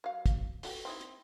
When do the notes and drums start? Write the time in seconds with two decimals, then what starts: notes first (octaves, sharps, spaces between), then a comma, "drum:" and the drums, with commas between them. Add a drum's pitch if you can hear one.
0.04 F#3 F5
0.26 drum: kick, hi-hat
0.63 A3 F#4 G4, drum: open hi-hat
0.85 C4 D#4 E4
1.01 drum: hi-hat